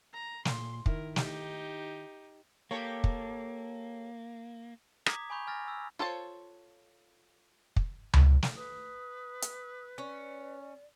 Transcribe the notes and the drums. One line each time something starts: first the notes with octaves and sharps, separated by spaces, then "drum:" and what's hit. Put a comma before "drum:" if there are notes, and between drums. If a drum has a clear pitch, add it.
A#5
A#2 C6, drum: snare
D#3 E4 A#4, drum: kick
D#4 G4, drum: snare
A#3 G4 A4 C#5
drum: kick
A#5 D6 D#6 G#6 B6, drum: rim click
G#5 B5 C#6 G6 F7
G#5 F6 A6 A#6
E6 F6
F4 A4 C5 C#5 A5
drum: kick
drum: tom C#2
drum: snare
B4 D#6
drum: hi-hat
C#4 D5